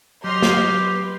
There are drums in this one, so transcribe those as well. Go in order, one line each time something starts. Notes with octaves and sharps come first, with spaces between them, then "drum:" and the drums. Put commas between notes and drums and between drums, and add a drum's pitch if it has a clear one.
F#3 G4 D#5 C6 F6
drum: snare
B4